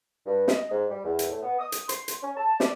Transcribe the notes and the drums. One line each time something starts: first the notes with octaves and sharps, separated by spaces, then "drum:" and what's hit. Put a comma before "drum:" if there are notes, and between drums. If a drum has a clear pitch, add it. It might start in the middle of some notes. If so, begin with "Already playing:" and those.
G2
D#5, drum: snare
G#2
G3
E2
drum: hi-hat
A2
B3
D#6
drum: hi-hat
C6, drum: hi-hat
drum: hi-hat
C#4
A5
D5, drum: snare